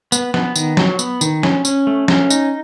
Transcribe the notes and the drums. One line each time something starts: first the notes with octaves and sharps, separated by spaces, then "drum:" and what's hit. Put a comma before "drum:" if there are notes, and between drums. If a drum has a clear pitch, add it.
B3, drum: tambourine
B3, drum: snare
D#3, drum: tambourine
F#3, drum: snare
B3, drum: tambourine
D#3, drum: tambourine
C#4, drum: snare
C#4, drum: tambourine
A3
C#4, drum: snare
D#4, drum: tambourine